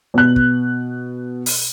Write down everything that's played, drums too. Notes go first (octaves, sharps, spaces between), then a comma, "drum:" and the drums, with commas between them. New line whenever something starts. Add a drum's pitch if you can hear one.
B2 F#6
drum: kick
drum: open hi-hat